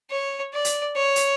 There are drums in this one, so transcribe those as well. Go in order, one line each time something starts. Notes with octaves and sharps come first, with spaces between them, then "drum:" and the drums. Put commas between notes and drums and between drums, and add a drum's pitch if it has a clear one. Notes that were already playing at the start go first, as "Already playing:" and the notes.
C#5
D5
drum: hi-hat
C#5
drum: hi-hat